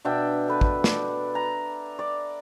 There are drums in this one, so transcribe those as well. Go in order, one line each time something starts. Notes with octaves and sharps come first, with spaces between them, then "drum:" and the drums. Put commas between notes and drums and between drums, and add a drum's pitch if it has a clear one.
B2 D4 E5 G5
A4 B4
drum: kick
D5, drum: snare
A#5
D5